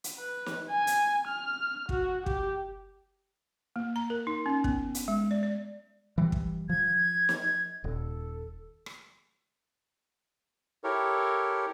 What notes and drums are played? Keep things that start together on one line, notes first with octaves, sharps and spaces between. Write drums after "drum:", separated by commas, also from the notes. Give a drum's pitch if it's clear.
drum: hi-hat
B4
drum: snare
G#5
drum: hi-hat
F6
F#4, drum: kick
G4, drum: kick
A#3
A#5
A#4
D#4
C#4
B3, drum: kick
drum: hi-hat
G#3
D5
D5
E3 G3
drum: kick
F3 G#6
drum: snare
D#1 A4
drum: rim click
E4 G4 A4 A#4 C#5